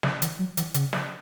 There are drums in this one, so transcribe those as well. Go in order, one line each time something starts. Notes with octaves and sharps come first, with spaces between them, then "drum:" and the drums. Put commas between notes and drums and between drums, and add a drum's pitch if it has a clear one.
C#3, drum: snare
E3, drum: hi-hat
F#3
E3, drum: hi-hat
C#3, drum: hi-hat
drum: snare